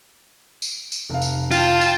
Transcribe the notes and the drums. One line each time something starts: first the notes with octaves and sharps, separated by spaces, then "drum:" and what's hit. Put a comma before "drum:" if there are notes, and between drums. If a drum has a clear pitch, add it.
drum: tambourine
drum: tambourine
F1 F5
drum: tambourine
F4 G5 A5, drum: tambourine
drum: tambourine